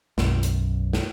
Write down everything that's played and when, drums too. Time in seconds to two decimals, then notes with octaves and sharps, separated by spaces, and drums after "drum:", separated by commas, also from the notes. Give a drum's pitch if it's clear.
0.18 B1 F#2, drum: snare
0.43 drum: hi-hat
0.93 drum: snare